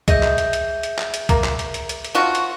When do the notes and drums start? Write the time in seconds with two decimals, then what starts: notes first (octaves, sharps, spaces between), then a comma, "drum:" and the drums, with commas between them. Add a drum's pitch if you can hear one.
0.08 G#4 D#5 E5 G6, drum: kick, hi-hat
0.23 drum: clap
0.38 drum: hi-hat
0.53 drum: hi-hat
0.83 drum: hi-hat
0.99 drum: clap
1.14 drum: hi-hat
1.29 A#3, drum: kick, hi-hat
1.44 drum: clap
1.59 drum: hi-hat
1.74 drum: hi-hat
1.89 drum: hi-hat
2.04 drum: hi-hat
2.15 F3 F4 F#4
2.35 drum: hi-hat